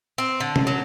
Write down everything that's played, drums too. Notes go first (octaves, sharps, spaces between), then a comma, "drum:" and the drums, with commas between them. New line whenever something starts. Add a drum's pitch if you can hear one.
C4
D3
drum: tom C3
F#3